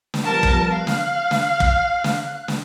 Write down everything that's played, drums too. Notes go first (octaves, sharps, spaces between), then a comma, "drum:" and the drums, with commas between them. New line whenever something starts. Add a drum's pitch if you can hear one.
drum: snare
F3 G3 B3 A#4 A5
drum: kick
F5 F#6
drum: snare
drum: snare
drum: kick
drum: snare
drum: snare